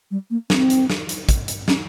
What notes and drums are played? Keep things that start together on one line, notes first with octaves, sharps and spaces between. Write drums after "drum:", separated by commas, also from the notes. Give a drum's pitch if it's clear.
G3
A#3
C4, drum: snare
drum: hi-hat
drum: snare
drum: hi-hat
drum: kick, hi-hat
drum: hi-hat
C#4, drum: snare